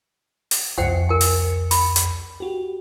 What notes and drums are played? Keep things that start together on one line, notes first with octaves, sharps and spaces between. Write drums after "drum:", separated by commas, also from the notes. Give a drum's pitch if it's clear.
drum: open hi-hat
C2 F2 C5 F#5 G5 C#7
A#4 G#5
drum: open hi-hat
B5, drum: open hi-hat
drum: hi-hat
F#4 G4